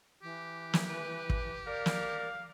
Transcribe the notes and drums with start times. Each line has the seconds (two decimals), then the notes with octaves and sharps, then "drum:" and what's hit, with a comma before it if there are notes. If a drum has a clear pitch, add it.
0.23 E3 G4
0.73 drum: snare
0.90 B4
1.30 drum: kick
1.67 A#4 D5 F5
1.86 drum: snare